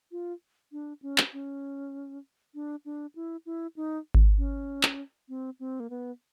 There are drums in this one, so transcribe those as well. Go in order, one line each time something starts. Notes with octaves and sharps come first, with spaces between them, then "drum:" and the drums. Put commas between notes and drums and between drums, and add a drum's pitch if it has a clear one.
F4
D4
C#4
drum: clap
C#4
D4
D4
E4
E4
D#4
drum: kick G#1
C#4
drum: clap
C4
C4
A#3
B3